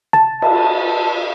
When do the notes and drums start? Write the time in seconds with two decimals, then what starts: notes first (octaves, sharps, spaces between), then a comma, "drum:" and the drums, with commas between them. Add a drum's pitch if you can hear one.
0.13 A5, drum: tom
0.42 drum: cymbal